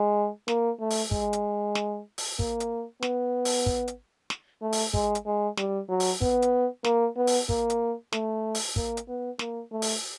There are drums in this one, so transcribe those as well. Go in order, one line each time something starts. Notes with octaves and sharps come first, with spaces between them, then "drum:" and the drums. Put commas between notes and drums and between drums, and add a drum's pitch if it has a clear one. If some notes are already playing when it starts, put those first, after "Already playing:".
Already playing: G#3
A#3, drum: snare
A3
drum: open hi-hat
G#3, drum: kick
drum: hi-hat
drum: snare
drum: open hi-hat
A#3, drum: kick
drum: hi-hat
B3, drum: snare
drum: open hi-hat
drum: kick
drum: hi-hat
drum: snare
A3
drum: open hi-hat
G#3, drum: kick
drum: hi-hat
G#3
G3, drum: snare
F#3
drum: open hi-hat
B3, drum: kick
drum: hi-hat
A#3, drum: snare
B3
drum: open hi-hat
A#3, drum: kick
drum: hi-hat
A3, drum: snare
drum: open hi-hat
A#3, drum: kick
drum: hi-hat
B3
A#3, drum: snare
A3
drum: open hi-hat